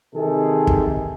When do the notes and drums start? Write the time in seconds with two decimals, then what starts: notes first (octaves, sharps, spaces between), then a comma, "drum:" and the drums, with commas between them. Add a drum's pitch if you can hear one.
0.14 C3 D#3 G#4 A4
0.67 drum: kick